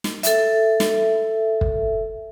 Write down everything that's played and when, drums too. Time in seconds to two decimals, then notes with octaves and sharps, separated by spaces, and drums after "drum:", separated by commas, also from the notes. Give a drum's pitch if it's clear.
0.04 drum: snare
0.23 A4 E5, drum: hi-hat
0.80 drum: snare
1.61 drum: kick